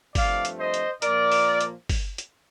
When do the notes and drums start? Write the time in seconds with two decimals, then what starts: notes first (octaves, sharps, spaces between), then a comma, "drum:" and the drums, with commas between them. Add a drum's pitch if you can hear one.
0.15 G2 F3 A3 C4 D5 F5, drum: kick, open hi-hat
0.45 drum: hi-hat
0.59 C5 D#5
0.74 drum: hi-hat
1.02 A#2 F3 A#3 A#4 D5, drum: hi-hat
1.32 drum: open hi-hat
1.61 drum: hi-hat
1.89 drum: kick, open hi-hat
2.18 drum: hi-hat